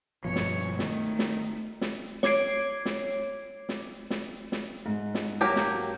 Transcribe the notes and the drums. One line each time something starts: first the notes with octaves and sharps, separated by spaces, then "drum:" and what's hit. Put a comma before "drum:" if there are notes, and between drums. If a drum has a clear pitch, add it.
G2 B2 F3 C#5
drum: snare
D#3 A3, drum: snare
drum: snare
drum: snare
C#5 D6 G#6 C7 D7, drum: snare
drum: snare
drum: snare
drum: snare
drum: snare
G#2
drum: snare
F#3 A#3 G4
drum: snare